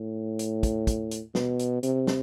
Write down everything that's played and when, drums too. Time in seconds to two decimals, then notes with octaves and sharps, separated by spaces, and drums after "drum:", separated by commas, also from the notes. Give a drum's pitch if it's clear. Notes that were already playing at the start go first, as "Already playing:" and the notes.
Already playing: A2
0.39 drum: hi-hat
0.63 drum: kick, hi-hat
0.87 drum: kick, hi-hat
1.11 drum: hi-hat
1.35 B2, drum: snare
1.59 drum: hi-hat
1.83 C3, drum: hi-hat
2.07 drum: snare